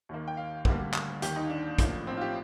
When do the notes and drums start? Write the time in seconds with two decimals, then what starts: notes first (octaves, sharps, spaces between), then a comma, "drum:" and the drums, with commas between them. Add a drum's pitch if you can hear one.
0.09 D#2 D#3 A#3
0.28 G5
0.37 F5
0.65 D2 D3 G3 A#3, drum: kick
0.94 drum: clap
1.22 D#2 D#3 A#3 G4, drum: hi-hat
1.36 D#4
1.50 D4
1.79 A1 A2 F3 A#3, drum: kick, hi-hat
2.07 C4
2.17 F4
2.21 G4